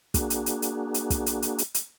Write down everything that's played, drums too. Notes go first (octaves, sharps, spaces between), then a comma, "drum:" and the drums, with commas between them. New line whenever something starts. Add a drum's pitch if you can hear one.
A#3 D4 F#4 G#4, drum: kick, hi-hat
drum: hi-hat
drum: hi-hat
drum: hi-hat
drum: hi-hat
drum: kick, hi-hat
drum: hi-hat
drum: hi-hat
drum: hi-hat
drum: hi-hat